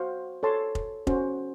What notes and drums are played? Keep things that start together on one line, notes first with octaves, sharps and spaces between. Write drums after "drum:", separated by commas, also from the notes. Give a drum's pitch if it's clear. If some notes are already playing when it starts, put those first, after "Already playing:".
Already playing: F#4 C5 F5
A4 C#5 A5 C6
drum: kick F1
C#4 F#4 C5, drum: kick F1